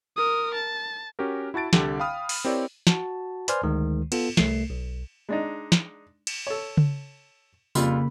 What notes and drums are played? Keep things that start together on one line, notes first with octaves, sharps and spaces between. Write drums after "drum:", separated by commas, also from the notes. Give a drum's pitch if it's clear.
A#4 D#6
A5
C#4 F#4 G4 A#4
E4 F#4 A5 A6 D7
C2 D3 G4 G5, drum: snare
F5 G5 B5 D#6 F6
drum: open hi-hat
C4 E4 G4 A#4 C#5 D5
F#4 A5, drum: snare
B4 C5 D5 G#5 C6 F6, drum: hi-hat
D2 D#3 G#3
B3 F4 A4, drum: cymbal
C2 A3 C7, drum: snare
B1
G#3 D4 D#4
drum: snare
drum: cymbal
A4 C#5
drum: tom C#3
F2 C#3 G3 A#3 F4 B5, drum: tambourine